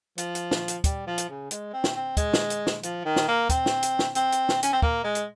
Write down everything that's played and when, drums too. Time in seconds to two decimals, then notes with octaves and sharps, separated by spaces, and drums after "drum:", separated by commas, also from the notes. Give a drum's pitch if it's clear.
0.18 F3, drum: hi-hat
0.35 drum: hi-hat
0.51 drum: snare
0.68 drum: hi-hat
0.84 G3, drum: kick, hi-hat
1.07 F3
1.18 drum: hi-hat
1.29 C#3
1.51 G#3, drum: hi-hat
1.73 C4
1.84 drum: snare
1.96 C4
2.17 G#3, drum: kick, hi-hat
2.34 drum: snare
2.50 drum: hi-hat
2.67 drum: snare
2.83 F3, drum: hi-hat
3.05 D#3
3.16 drum: snare
3.28 A#3
3.49 C4, drum: kick, hi-hat
3.66 drum: snare
3.83 drum: hi-hat
3.99 drum: snare
4.15 C4, drum: hi-hat
4.32 drum: hi-hat
4.49 drum: snare
4.63 C#4, drum: hi-hat
4.73 C4
4.82 A#3, drum: kick
5.04 G#3
5.15 drum: hi-hat